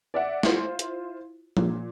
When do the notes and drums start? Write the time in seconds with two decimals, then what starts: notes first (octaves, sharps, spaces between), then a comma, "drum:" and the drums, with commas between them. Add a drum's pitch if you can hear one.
0.14 D5 E5 F#5
0.43 E4 F4 C5, drum: snare
0.79 drum: hi-hat
1.57 A#2, drum: tom F3